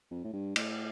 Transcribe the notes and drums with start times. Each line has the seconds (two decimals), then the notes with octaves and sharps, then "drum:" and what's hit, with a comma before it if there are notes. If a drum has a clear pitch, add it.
0.11 F2
0.24 A2
0.33 G2
0.56 A2, drum: cymbal